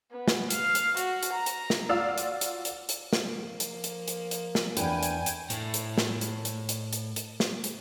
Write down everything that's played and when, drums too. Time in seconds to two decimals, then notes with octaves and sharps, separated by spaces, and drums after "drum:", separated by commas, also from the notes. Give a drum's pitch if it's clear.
0.11 B3
0.28 drum: snare
0.50 F5, drum: hi-hat
0.75 drum: hi-hat
0.97 F#4, drum: hi-hat
1.23 drum: hi-hat
1.33 A#5
1.46 drum: hi-hat
1.70 drum: snare
1.89 F4 F#4 D5 F5 E6 F6
2.18 drum: hi-hat
2.41 drum: hi-hat
2.65 drum: hi-hat
2.89 drum: hi-hat
3.13 drum: snare
3.28 F3 A#3
3.60 drum: hi-hat
3.84 drum: hi-hat
4.08 drum: hi-hat
4.31 drum: hi-hat
4.55 drum: snare
4.77 E2 D4 B4 G5 G#5 D#7, drum: hi-hat
5.03 drum: hi-hat
5.26 drum: hi-hat
5.50 A2 A3, drum: hi-hat
5.74 drum: hi-hat
5.98 drum: snare
6.21 drum: hi-hat
6.45 drum: hi-hat
6.69 drum: hi-hat
6.93 drum: hi-hat
7.16 drum: hi-hat
7.40 drum: snare
7.64 drum: hi-hat